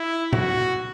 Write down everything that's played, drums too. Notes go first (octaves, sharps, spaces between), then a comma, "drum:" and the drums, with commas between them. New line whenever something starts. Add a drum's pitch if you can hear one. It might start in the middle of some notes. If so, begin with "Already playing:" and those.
Already playing: E4
F#4, drum: tom A#2